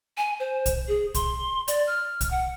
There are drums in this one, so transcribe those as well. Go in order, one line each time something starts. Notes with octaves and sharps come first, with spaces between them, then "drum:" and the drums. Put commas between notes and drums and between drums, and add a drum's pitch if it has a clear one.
G#5
C5
drum: kick B1, hi-hat
G#4
C6, drum: kick B1, hi-hat
D5, drum: hi-hat
F6
drum: kick B1, hi-hat
F#5